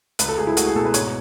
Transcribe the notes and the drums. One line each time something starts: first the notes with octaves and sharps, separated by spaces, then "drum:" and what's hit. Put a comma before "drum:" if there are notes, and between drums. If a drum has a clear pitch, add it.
C#2 B4, drum: hi-hat
A4
C#2 G#4
E4
A3 F#4, drum: hi-hat
G#4
B2 A4
B4
G#2 C#5, drum: hi-hat